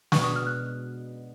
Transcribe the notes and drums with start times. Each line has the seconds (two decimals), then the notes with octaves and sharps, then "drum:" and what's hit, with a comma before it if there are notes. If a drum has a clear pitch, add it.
0.12 B2 G#3 B3 D4 C#6, drum: snare
0.24 D#6
0.36 F6
0.47 F#6